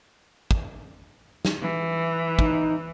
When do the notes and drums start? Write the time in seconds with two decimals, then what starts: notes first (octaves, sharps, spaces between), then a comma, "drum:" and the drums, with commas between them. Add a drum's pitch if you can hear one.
0.51 drum: kick
1.45 drum: snare
1.62 E3
2.39 D#4, drum: kick